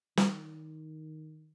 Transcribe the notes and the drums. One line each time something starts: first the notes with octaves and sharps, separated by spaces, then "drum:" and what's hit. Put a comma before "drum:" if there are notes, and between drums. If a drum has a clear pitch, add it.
D#3, drum: snare